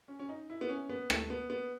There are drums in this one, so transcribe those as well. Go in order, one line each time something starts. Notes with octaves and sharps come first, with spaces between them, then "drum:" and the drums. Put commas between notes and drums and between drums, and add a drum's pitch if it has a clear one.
C#4
C#4
D#4
E4
B3
C#4
B3
A3, drum: rim click
B3
B3